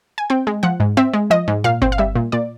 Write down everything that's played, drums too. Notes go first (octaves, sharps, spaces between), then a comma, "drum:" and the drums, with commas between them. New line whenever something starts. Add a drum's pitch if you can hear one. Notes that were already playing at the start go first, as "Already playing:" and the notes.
G#5
C4 G5
G#3
F3 F#5
G#2
C4 E5
G#3
F3 D#5
G#2
A#2 F5
C4, drum: kick G1
F5
G3 E5
A#2
A#2 D5